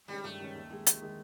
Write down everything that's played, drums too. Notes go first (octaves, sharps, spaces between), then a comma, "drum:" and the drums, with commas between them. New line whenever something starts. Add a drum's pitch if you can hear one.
D#3 G3 G#3 C#4
G2 A3
D#3 G#3 C#4
D#2
D#3 G#3
D#2, drum: hi-hat
D#3 G#3